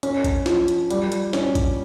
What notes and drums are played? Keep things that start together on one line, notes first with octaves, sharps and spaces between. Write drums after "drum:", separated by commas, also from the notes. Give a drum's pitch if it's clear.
C#4, drum: hi-hat
drum: kick, hi-hat
F3, drum: snare
drum: hi-hat
G3, drum: hi-hat
drum: hi-hat
C#4, drum: snare
drum: kick, hi-hat